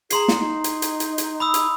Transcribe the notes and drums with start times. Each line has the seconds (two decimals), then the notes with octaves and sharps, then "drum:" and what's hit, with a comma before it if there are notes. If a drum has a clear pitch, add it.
0.10 G#4 A#5 C6 C7, drum: hi-hat
0.28 drum: snare
0.40 D#4
0.64 drum: hi-hat
0.82 drum: hi-hat
1.00 drum: hi-hat
1.18 drum: hi-hat
1.40 B5 D#6 E6
1.54 drum: hi-hat